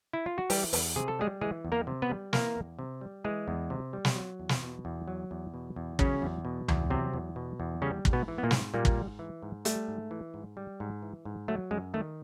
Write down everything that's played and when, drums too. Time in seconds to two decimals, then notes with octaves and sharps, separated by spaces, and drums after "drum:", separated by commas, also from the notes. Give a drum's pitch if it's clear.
0.13 E4
0.26 F4
0.38 F#4
0.50 E3 G3 G4, drum: open hi-hat
0.73 E2, drum: open hi-hat
0.96 C3 G#4
1.08 A4
1.19 G3 G#3 G#4
1.41 E3 G#3 G#4
1.65 E2
1.72 A#3 A#4
1.87 C3
2.02 B3 B4
2.10 G3
2.33 E3 A#3 A#4, drum: snare
2.56 E2
2.79 C3
3.01 G3
3.24 E3 G#3 G#4
3.48 E2
3.70 C3
3.93 G3
4.05 drum: snare
4.16 F#3
4.40 E2
4.49 drum: snare
4.62 B2
4.85 E2
5.08 F#3
5.31 E2
5.54 B2
5.76 E2
5.99 C#3 F#3 C#4, drum: kick
6.22 E2
6.45 B2
6.68 E2, drum: tom C#2
6.90 C3 F#3 C4
7.13 E2
7.36 B2
7.60 E2
7.82 C#3 G3 C#4
8.05 G#2, drum: kick
8.13 B2 B3
8.28 E3
8.38 B3
8.43 A#2 A#3
8.51 G#2, drum: snare
8.74 A#2 G3 A#3
8.85 drum: kick
8.97 G#2
9.19 E3
9.42 G#2
9.65 G3 A3, drum: hi-hat
9.88 G#2
10.11 E3
10.34 G#2
10.57 G3
10.80 G#2
11.03 E3
11.25 G#2
11.48 F#3 A3
11.71 F#2 G#3
11.94 D#3 A3